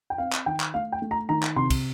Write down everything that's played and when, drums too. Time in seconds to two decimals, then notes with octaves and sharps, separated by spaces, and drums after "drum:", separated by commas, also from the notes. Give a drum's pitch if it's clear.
0.10 G5
0.18 C4 F5
0.33 drum: clap
0.46 D#3 G5
0.60 drum: clap
0.74 A3 F5
0.92 G5
1.02 A3
1.11 A#5
1.29 D#3 A#5
1.43 drum: clap
1.56 C3 C6
1.70 drum: kick, cymbal